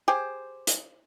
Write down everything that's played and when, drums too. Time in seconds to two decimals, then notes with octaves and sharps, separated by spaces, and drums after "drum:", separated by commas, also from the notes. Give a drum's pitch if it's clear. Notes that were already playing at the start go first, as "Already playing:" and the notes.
0.08 G4 G#4 C5
0.67 drum: hi-hat